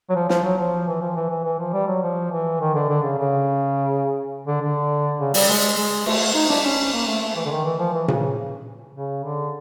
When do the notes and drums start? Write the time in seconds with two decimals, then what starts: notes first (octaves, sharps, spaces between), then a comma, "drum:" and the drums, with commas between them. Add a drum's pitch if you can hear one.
0.10 F#3
0.15 F3
0.29 F3, drum: snare
0.44 F#3
0.58 F3
0.87 E3
1.02 F3
1.16 E3
1.30 E3
1.44 E3
1.59 F3
1.73 G3
1.88 F#3
2.02 F3
2.31 E3
2.60 D#3
2.75 D3
2.89 D3
3.03 C#3
3.18 C#3
4.47 D3
4.62 D3
5.20 C#3
5.34 G3, drum: open hi-hat
5.49 G#3
5.77 G#3
6.06 A3, drum: cymbal
6.34 D#4
6.50 D4, drum: snare
6.64 C#4
6.93 A#3
7.07 A3
7.21 A3
7.36 E3
7.46 D3
7.51 D#3
7.65 E3
7.79 F3
7.94 E3
8.08 C#3, drum: tom A#2
8.94 C#3
9.24 D3